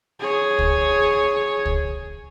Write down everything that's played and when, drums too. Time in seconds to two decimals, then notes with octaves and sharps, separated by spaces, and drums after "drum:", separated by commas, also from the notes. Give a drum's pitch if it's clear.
0.19 G#4 C#5
0.59 drum: kick
1.66 drum: kick